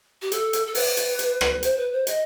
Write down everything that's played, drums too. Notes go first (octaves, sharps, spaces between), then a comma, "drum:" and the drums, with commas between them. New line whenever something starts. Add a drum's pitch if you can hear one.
G4
A4, drum: hi-hat
drum: hi-hat
A4
B4, drum: open hi-hat
drum: hi-hat
drum: hi-hat
drum: rim click
C5, drum: hi-hat
B4
C5
D#5, drum: hi-hat